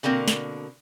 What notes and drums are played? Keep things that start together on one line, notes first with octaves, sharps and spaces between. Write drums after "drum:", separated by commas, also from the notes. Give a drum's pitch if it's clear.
B2 D3 A#3 C4 A#4
drum: snare